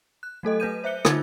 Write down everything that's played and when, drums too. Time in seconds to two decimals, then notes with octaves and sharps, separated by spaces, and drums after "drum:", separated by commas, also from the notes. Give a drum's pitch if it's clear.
0.23 F#6
0.43 F#3 A3 A4 D#5
0.60 A3 B4 G6 D#7
0.84 C5 E5 F#6 C#7 G7
1.05 D3 D#4 F4 G#6 A6, drum: rim click